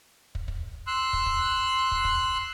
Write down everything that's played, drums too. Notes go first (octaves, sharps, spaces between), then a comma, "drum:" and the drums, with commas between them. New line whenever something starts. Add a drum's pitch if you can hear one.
drum: kick
drum: kick
C6 E6 F#6
drum: kick
drum: kick
drum: kick
drum: kick